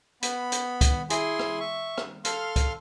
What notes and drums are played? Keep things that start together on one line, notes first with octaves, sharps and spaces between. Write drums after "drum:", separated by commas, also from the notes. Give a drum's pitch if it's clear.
B3 B5, drum: hi-hat
drum: hi-hat
drum: kick, hi-hat
E4 G#4 G#5 C6, drum: hi-hat
drum: rim click
E5 C#6
drum: rim click
A4 F5 C6 F6, drum: hi-hat
drum: kick, hi-hat